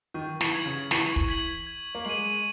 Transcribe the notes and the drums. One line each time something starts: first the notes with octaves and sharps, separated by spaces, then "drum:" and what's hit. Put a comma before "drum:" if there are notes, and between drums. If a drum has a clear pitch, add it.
D#3 C#6
E3, drum: snare
G#6 B6 F#7
C#3
E3 C#6, drum: snare
drum: kick
G#6 B6 F#7
G#6
A#3
G#3 D#7 F#7